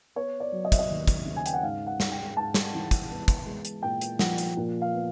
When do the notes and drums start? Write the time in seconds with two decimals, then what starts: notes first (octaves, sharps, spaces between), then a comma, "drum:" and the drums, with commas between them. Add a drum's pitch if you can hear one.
0.15 B3 C#5
0.40 D5
0.52 F#3
0.65 D#5
0.72 E5, drum: kick, hi-hat
0.79 D#5
0.90 D#2
1.07 drum: kick, hi-hat
1.25 C#3
1.36 G#5
1.46 G5, drum: hi-hat
1.54 F#5
1.63 G#2 F5
1.87 F#5
2.00 G#3, drum: snare
2.12 G5
2.37 G#2 A5
2.54 drum: snare
2.73 E3
2.91 drum: kick, hi-hat
3.10 B3
3.28 drum: kick, hi-hat
3.46 G#3
3.65 drum: hi-hat
3.82 A#2 G5
4.01 drum: hi-hat
4.19 F3 F#5, drum: snare
4.38 drum: hi-hat
4.57 A#2
4.82 F5
4.94 B3